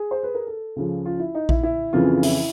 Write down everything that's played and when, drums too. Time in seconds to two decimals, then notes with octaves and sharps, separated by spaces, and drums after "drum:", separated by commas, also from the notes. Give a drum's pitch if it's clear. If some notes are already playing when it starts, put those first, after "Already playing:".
Already playing: G#4
0.11 C5
0.23 B4
0.35 A#4
0.47 A4
0.76 C#2 C#3 F3
1.05 F4
1.20 E4
1.35 D#4
1.49 E4, drum: kick A#1
1.63 E4
1.93 F2 C#3 E3 F4
2.23 E4, drum: open hi-hat